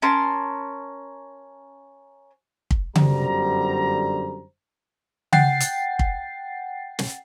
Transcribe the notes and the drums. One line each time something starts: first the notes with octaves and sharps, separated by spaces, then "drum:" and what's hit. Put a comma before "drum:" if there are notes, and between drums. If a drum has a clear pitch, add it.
C#4 A#4 A5 C6
drum: kick
G1 F#2 D3 G3 C5 A#5, drum: tom C#3
F#5 G5 A6 C7, drum: tom C#3
drum: hi-hat
drum: kick
drum: snare